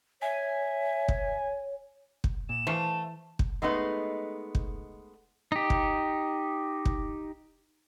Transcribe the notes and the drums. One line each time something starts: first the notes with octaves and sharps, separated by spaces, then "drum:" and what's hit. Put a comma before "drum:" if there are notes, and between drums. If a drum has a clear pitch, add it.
C#5 E5 G#5
drum: kick
drum: kick
A#2 E7
E3 A3 C5 F5 A5
drum: kick
G#3 A3 B3 D#4 B4
drum: kick
D#4 G4
drum: kick
drum: kick